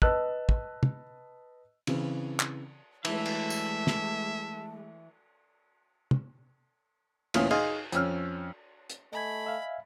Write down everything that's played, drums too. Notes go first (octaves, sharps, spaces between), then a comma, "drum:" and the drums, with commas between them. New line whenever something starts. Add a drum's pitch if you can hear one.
B4 D#5 A5 E6 F#6, drum: kick
drum: kick
drum: tom
C#3 E3 C4, drum: cymbal
drum: clap
E3 G#3 A3 E5 A5, drum: cymbal
drum: cymbal
drum: tambourine
drum: snare
drum: tom
D2 A#2 E3 C#4 F5 D#6, drum: cymbal
D#4 G#4 D#5 F5 G#5 C6, drum: cymbal
F2 C#4 E6 F6, drum: hi-hat
drum: hi-hat
A3 D#5 G#5 B5 G#6
E5 F5